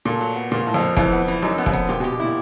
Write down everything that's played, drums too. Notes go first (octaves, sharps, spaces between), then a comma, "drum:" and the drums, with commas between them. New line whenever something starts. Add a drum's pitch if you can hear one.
A#2 A4
F#3
B3
A#2 F3
A2
F2
F3
F2 E3, drum: kick
B3
E3
F#2 D#4
B3
F2, drum: kick
B3
A#2 G4
B2
G4
B2
A#2 E4